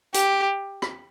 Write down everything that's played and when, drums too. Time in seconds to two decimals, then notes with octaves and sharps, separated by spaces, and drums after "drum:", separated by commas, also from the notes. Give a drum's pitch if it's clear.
0.14 G4, drum: hi-hat
0.82 drum: rim click